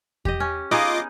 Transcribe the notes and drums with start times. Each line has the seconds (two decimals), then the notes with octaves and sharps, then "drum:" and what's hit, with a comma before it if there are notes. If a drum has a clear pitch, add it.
0.25 G4 D#5, drum: kick E2
0.40 C#4
0.71 B3 D#4 F4 G#4 D#5 D6